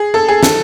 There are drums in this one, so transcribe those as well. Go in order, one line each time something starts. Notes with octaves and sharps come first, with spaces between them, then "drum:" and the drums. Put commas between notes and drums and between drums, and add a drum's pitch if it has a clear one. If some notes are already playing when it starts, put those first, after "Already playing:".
Already playing: G#4
A4
G#4
A4, drum: snare